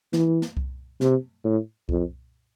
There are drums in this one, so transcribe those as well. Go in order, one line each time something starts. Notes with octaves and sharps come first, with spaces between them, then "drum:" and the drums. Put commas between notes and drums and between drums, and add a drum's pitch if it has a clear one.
E3, drum: snare
drum: snare
drum: kick C2
C3, drum: snare
A2
F2, drum: kick C2